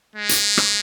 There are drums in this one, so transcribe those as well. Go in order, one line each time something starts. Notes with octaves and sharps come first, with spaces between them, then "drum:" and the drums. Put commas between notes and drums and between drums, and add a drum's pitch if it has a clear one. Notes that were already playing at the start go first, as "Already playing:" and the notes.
G#3
drum: hi-hat
drum: rim click